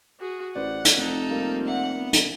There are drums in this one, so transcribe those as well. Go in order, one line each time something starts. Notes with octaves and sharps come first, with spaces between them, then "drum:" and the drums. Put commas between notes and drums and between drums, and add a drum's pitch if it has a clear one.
F#4 G#4
A1 B4 C5 D5 F#5
drum: hi-hat
F1 D#4 A4
G3 A#3 C4 F4 A#4
D5 E5 F#5
B3
drum: hi-hat